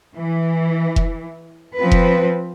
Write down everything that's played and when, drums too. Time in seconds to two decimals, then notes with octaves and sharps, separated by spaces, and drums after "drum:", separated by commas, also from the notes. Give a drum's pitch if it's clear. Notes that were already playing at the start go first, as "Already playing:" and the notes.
0.17 E3
0.96 drum: kick F1
1.78 F3 C4 B4
1.92 drum: kick F1